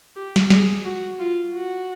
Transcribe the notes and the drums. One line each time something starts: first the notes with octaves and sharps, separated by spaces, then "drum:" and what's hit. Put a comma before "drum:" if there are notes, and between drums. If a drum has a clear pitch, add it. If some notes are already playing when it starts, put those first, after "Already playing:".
G4
drum: snare
G#4, drum: snare
F#4
F4
F#4